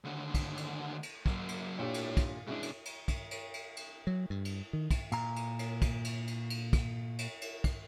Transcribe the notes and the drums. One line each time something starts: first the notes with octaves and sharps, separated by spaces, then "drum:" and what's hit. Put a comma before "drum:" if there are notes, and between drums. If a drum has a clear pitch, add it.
D#2 D3
drum: kick, cymbal
drum: cymbal
drum: cymbal
F#3 A#3, drum: kick
drum: cymbal
A#2 D4 E4 G4 C#5
drum: cymbal
drum: kick, cymbal
B2 G#3 C#4 D4 E4
drum: cymbal
drum: cymbal
drum: kick, cymbal
drum: cymbal
drum: cymbal
drum: cymbal
F#3
G2
drum: cymbal
D#3
drum: kick, cymbal
A#2 A#5, drum: cymbal
drum: cymbal
drum: cymbal
drum: kick, cymbal
drum: cymbal
drum: cymbal
drum: cymbal
drum: kick, cymbal
drum: cymbal
drum: cymbal
drum: kick, cymbal